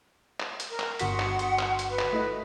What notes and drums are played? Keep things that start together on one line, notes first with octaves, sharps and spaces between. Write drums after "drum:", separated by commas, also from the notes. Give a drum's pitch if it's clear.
drum: clap
drum: hi-hat
A#4
drum: clap
G1 F#4 F#5 C6 D#6 B6, drum: hi-hat
drum: clap
drum: hi-hat
drum: clap
drum: hi-hat
B4
drum: clap
A3 E4 D#5